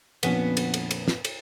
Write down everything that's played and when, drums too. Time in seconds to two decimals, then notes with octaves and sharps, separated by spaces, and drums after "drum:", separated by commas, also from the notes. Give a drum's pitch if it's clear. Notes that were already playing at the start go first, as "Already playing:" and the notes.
0.23 F2 A#2 D3 B3 C#4, drum: cymbal
0.57 drum: cymbal
0.74 drum: cymbal
0.91 drum: cymbal
1.08 drum: snare
1.25 drum: cymbal